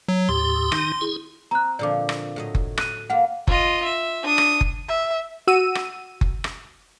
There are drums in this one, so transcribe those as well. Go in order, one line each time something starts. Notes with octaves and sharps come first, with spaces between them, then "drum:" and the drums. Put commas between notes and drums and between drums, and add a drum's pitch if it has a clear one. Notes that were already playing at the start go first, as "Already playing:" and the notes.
F#3
D#2 A2 G4 C6
D#3 D#4, drum: rim click
E4 G#4
C4 A#5 F#6
A#2 D3 F3 D5 D6
drum: rim click
A2 F#3 D#5
drum: kick F#1
F#6 D#7, drum: rim click
A#3 F4 F#5
F4 D#5, drum: kick F#1
E5
D4 D#6
drum: rim click
drum: kick F#1
E5
F#4 E6 D#7
drum: rim click
drum: kick F#1
drum: rim click